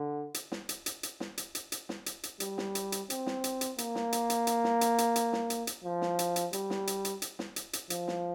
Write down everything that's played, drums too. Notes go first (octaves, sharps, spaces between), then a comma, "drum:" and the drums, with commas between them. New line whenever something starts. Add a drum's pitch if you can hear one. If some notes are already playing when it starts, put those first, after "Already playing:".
Already playing: D3
drum: hi-hat
drum: snare
drum: hi-hat
drum: hi-hat
drum: hi-hat
drum: snare
drum: hi-hat
drum: hi-hat
drum: hi-hat
drum: snare
drum: hi-hat
drum: hi-hat
G3, drum: hi-hat
drum: snare
drum: hi-hat
drum: hi-hat
C4, drum: hi-hat
drum: snare
drum: hi-hat
drum: hi-hat
A#3, drum: hi-hat
drum: snare
drum: hi-hat
drum: hi-hat
drum: hi-hat
drum: snare
drum: hi-hat
drum: hi-hat
drum: hi-hat
drum: snare
drum: hi-hat
drum: hi-hat
F3
drum: snare
drum: hi-hat
drum: hi-hat
G3, drum: hi-hat
drum: snare
drum: hi-hat
drum: hi-hat
drum: hi-hat
drum: snare
drum: hi-hat
drum: hi-hat
F3, drum: hi-hat
drum: snare